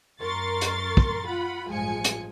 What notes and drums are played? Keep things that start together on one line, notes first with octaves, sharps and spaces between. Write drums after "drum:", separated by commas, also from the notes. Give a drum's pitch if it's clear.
F#2 A#4 C6 C#6 A6
drum: hi-hat
drum: kick
F4 F#5 B5
A1 G2 F3 G#3 G#5 C#7
drum: hi-hat